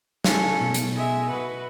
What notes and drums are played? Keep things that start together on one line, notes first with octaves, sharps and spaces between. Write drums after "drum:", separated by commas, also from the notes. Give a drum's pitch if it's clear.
C#4 A4, drum: snare
B2
drum: hi-hat
G#3 E5
F#4 B4